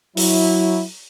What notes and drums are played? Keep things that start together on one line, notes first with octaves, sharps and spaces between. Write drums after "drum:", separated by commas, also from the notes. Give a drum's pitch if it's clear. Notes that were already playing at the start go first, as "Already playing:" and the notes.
F#3 E4, drum: open hi-hat